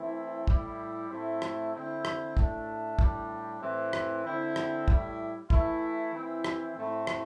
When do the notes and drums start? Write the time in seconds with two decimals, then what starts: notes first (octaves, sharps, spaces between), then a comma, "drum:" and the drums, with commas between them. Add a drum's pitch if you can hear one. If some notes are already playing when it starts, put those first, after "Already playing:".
Already playing: E3 A3 C4 E4
0.47 A2 G3 E4, drum: kick
1.10 A2 A3 C4 E4
1.42 drum: rim click
1.73 D3 C4 E4
2.05 drum: rim click
2.37 A2 A3 D4, drum: kick
2.99 A2 G3 D4, drum: kick
3.62 A2 E3 C4
3.93 drum: rim click
4.25 D3 C4 E4
4.56 drum: rim click
4.88 A2 G3 E4, drum: kick
5.50 E3 A3 E4, drum: kick
6.13 E3 C4 E4
6.44 drum: rim click
6.76 A2 A3 C4 E4
7.07 drum: rim click